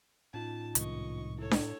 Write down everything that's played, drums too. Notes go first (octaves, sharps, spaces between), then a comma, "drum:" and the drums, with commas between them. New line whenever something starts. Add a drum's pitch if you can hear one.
A2 C#4 D#4 F4 A5
C2 G#2 D#3 D#5 C#6, drum: hi-hat
E4 A4 C#5
drum: snare D4